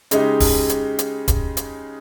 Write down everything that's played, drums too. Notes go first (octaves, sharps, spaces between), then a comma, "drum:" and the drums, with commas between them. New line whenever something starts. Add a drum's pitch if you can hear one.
C#3 G#3 D#4 G4, drum: hi-hat
drum: kick, open hi-hat
drum: hi-hat
drum: hi-hat
drum: kick, hi-hat
drum: hi-hat